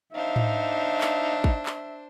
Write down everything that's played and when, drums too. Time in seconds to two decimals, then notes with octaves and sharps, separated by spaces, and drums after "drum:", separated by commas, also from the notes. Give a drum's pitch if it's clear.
0.14 D4 D#4 C5 E5 F5
0.36 drum: tom A2
1.01 drum: clap
1.44 drum: kick
1.66 drum: clap